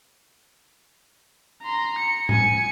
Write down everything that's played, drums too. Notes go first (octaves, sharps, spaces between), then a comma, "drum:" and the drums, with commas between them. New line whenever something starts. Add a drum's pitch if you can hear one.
A#5 C6
C#7
G#5 C#7, drum: tom A2